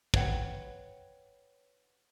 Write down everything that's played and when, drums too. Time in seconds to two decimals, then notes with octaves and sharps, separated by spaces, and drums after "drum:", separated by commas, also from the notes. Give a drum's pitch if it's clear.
0.14 B4 C#5 F#5 G5, drum: kick